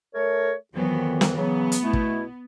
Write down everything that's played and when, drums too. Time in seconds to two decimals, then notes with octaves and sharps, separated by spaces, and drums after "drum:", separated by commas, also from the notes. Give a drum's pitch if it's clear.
0.14 A3 A#4 C#5
0.74 F2 D#3 E3 F#3 B3
1.21 drum: snare
1.35 C#3 E3 F#3 B3
1.72 drum: hi-hat
1.82 B2 A3 E4
1.93 drum: kick